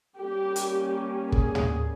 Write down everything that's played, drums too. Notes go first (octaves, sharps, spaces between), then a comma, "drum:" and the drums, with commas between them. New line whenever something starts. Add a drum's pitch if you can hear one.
G3 A#3 C#4 G4
drum: hi-hat
G#4, drum: kick
drum: tom